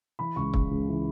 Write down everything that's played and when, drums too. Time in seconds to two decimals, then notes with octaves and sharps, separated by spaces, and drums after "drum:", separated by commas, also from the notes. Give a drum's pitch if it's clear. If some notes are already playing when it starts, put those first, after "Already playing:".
0.19 E3 B5
0.36 C#2 C#6
0.54 C#3, drum: kick
0.71 C#2
0.89 E3